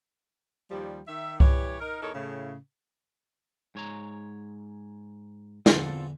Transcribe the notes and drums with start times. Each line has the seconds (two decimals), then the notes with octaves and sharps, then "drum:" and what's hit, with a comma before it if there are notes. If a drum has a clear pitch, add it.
0.71 D#2 F3 G3
1.08 D#3 E5
1.40 E3 G3 G4 C#5, drum: kick C2
1.81 D#4 A#4
2.02 E2 D#4 A4 A#4 C#5
2.14 A2 C#3
3.75 G#2 C#5 A#5
5.66 E2 D3 E3 C4 F4 A4, drum: snare